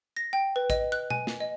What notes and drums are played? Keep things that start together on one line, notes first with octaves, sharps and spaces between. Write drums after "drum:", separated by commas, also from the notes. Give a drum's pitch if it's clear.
A#6
G5
B4
D#5, drum: kick, hi-hat
F#6
G#5, drum: tom B2
drum: snare
D#5